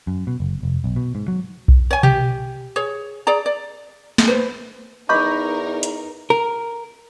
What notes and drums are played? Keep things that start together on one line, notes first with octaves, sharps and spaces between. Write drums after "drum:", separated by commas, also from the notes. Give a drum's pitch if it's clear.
F#2
B2
F#1
F1
B1
B2
G#2
F#3
drum: kick B1
C#5 G#5
G4, drum: tom B2
G#4 C#5
G#4 D5 A#5
D5
drum: snare
B4 C5
E2 D#4 A#4 D#5 B5 C#6 D6 G6
drum: hi-hat
A#4